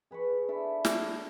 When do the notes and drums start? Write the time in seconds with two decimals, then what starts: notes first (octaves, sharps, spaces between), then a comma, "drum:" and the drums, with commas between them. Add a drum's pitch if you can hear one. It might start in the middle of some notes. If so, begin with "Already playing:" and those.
0.11 G#4 B4 B5 C#6
0.48 D4 E4 A4
0.85 drum: snare